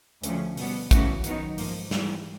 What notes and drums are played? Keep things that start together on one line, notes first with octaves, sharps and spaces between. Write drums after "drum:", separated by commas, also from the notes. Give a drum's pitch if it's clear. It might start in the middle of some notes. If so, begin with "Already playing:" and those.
D2 C#3 F3 A3 C#4, drum: hi-hat
B2 G3 B3, drum: open hi-hat
C#3 E3 A3 C#4 F#4, drum: kick, hi-hat
D#3 F#3 B3 D#4, drum: hi-hat
G#2 F3 A#3, drum: open hi-hat
G#2 E3 G3, drum: snare